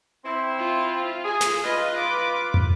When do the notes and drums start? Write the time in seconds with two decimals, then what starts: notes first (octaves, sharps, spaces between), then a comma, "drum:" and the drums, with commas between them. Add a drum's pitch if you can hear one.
0.25 C4 E4
0.59 F4
1.25 G#4
1.41 drum: snare
1.64 F4 B4 D#5
1.99 D6
2.54 drum: tom